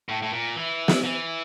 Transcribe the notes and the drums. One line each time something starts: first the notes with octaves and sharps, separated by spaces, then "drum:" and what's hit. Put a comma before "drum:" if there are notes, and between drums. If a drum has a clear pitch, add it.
A2
A2
A#2
E3
drum: snare
E3